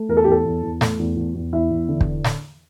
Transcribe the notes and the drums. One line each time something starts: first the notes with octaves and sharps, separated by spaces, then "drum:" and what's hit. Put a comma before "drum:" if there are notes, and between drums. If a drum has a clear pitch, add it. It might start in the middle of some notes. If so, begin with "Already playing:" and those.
Already playing: A3
E2 A#4
A4
G4
E2 A4
E2
E2
A3, drum: snare
E2
E2
E2
E2 E4 E5
E2
D3
drum: kick
drum: snare